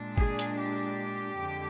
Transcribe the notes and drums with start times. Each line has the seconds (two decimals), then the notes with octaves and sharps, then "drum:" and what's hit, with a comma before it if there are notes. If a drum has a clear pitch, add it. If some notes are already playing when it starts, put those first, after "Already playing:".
Already playing: A#2 G#3 D4
0.18 G#4, drum: kick G1
0.39 drum: hi-hat
0.57 G4
1.37 F2 D3 G#3